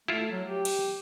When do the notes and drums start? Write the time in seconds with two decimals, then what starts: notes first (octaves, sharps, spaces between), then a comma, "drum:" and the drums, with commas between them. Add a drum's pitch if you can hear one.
0.08 A3 E4 F4
0.31 F#3
0.49 G4
0.65 drum: cymbal